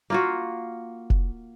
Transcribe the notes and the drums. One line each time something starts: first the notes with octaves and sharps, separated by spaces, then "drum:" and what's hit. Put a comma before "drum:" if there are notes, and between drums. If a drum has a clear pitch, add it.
A#3 F4 F#4
drum: kick F1